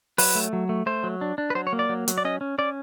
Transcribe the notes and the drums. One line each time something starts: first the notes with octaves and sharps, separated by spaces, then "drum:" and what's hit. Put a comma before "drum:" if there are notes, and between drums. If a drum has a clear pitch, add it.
F#3 B4, drum: open hi-hat
A3
F#3
A3
A3 C5
F#3
D4
D4
B4
F#3 C5
C#5
A#3
D5
F#3
F#3, drum: hi-hat
D5
C#4 D#5
C#4
C#4 D5